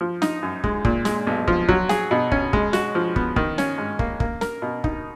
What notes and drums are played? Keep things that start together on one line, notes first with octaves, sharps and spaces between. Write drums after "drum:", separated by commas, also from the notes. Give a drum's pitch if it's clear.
F3
D#4, drum: snare
F#2
G#3, drum: kick
A#2, drum: kick
G#3, drum: snare
B1
F3, drum: kick
F#3, drum: kick
G#4, drum: snare
B2
C#4, drum: kick
G#3, drum: kick
F#4, drum: snare
F3
B3, drum: kick
D#3, drum: kick
C#4, drum: snare
G#2
A#3, drum: kick
A#3, drum: kick
A#4, drum: snare
B2
D#4, drum: kick